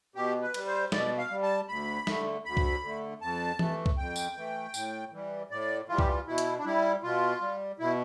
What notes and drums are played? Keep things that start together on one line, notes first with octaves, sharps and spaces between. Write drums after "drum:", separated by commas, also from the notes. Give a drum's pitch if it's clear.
B2 G4
B4
G3, drum: cymbal
C5
B2 D5, drum: snare
F5
G3
A5
D2 B5
D3 A3, drum: snare
D2 B5
drum: kick C2
D3 A3
F2 A5
E3 A3, drum: tom E3
drum: kick C2
F2 G5
drum: tambourine
E3 A3
A2, drum: tambourine
E3 G3
A2 D5
E3 G3 F4
G4, drum: kick C2
F4
B2 E4
drum: hi-hat
D4
G3 E4
B2 F4
G3
B2 E4